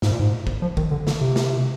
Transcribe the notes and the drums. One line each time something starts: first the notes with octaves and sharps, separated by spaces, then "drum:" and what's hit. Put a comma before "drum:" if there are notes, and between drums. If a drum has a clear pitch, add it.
G#2, drum: snare
A#2
G#2
drum: kick A1
F3
D#3, drum: kick A1
D3
D3, drum: snare
C3
drum: snare